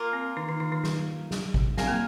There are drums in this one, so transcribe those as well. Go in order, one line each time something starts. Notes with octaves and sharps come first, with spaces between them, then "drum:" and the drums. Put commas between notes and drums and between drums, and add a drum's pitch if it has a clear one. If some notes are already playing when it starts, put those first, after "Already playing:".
Already playing: A#3 F4 A#4
C4
D#3 D#4
D#3 D#4
D#3 D#4
D#3 D#4
D#3 D#4, drum: snare
drum: snare
drum: kick G#1
C4 F4 A#4 F5 G#5, drum: snare
A#3